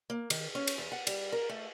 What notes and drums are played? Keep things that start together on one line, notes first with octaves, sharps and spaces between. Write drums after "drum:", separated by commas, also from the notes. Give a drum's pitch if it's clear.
A#3
D#3, drum: cymbal
C#4
drum: cymbal
E2
F#5
G3, drum: cymbal
A#4
A3